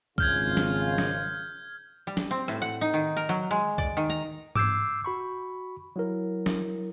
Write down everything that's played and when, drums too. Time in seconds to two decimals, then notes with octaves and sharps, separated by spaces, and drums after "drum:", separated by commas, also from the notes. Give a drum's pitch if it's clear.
0.18 G#1 C#3 F4 F6 G6 G#6, drum: kick C2
0.57 drum: snare
0.98 drum: snare
2.07 G3
2.17 drum: snare
2.31 C4
2.48 A2, drum: rim click
2.62 F#5
2.81 D#4
2.94 D#3
3.17 A#4
3.29 F#3, drum: hi-hat
3.51 G#3, drum: hi-hat
3.78 D5, drum: kick C2
3.97 D#3
4.10 A#5
4.55 D6 E6 G6 G#6 C7, drum: tom G#2
5.05 F#4 B5 C#6
5.96 F#3 E4 A#4
6.46 drum: snare